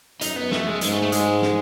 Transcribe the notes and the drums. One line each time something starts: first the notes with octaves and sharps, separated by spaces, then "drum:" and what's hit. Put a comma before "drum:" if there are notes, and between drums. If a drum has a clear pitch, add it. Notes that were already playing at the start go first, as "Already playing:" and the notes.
F#2 D#4, drum: hi-hat
B3
A3, drum: snare
G#3
G#2 G#3, drum: hi-hat
A3
A3
G#2 G#3, drum: hi-hat
drum: snare